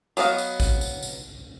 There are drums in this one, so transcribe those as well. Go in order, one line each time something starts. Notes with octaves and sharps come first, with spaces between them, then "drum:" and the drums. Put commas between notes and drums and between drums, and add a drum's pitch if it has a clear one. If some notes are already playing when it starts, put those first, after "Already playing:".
F#3 B3 D#5 F5, drum: tambourine
drum: tambourine
drum: kick A1, tambourine
drum: tambourine
drum: tambourine